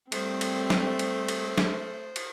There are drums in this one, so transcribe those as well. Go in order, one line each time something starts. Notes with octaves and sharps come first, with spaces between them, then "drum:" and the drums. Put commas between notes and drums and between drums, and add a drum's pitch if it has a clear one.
G3 A3 C4 C5, drum: cymbal
drum: cymbal
drum: snare
drum: cymbal
drum: cymbal
drum: snare
drum: cymbal